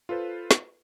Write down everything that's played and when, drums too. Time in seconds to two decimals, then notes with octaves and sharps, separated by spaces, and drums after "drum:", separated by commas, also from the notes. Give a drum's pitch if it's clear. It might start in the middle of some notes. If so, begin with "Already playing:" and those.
0.09 F4 A4 B4 C5
0.51 drum: snare